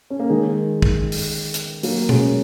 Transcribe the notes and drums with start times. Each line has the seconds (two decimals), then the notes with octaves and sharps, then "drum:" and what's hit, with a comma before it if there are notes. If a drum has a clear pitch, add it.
0.10 C#4
0.19 A#3
0.30 D#3 G#3
0.82 drum: kick
1.12 drum: open hi-hat
1.54 drum: hi-hat
1.83 F#3 A#3, drum: open hi-hat
2.09 G#3 C#4, drum: tom